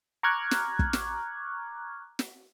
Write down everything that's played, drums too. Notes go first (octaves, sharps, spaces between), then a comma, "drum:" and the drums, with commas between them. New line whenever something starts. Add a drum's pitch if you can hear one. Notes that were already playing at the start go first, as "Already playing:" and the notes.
A#5 C#6 D6 F6 F#6 G#6
drum: snare
drum: kick
drum: snare
drum: snare